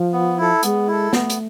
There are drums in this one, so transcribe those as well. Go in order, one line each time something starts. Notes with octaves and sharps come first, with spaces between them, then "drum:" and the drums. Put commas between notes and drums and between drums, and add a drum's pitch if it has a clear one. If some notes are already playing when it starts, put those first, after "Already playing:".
Already playing: F3
B3
E4 A4
G#3 B3, drum: hi-hat
E4 A4
A3 B3, drum: snare
drum: hi-hat